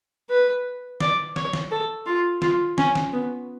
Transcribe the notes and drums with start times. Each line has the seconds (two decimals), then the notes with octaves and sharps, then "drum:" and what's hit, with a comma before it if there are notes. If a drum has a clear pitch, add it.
0.30 B4
1.00 D5, drum: snare
1.36 C#5, drum: snare
1.53 drum: snare
1.71 A4
2.06 F4
2.42 F4, drum: snare
2.78 C#4, drum: snare
2.95 drum: snare
3.13 B3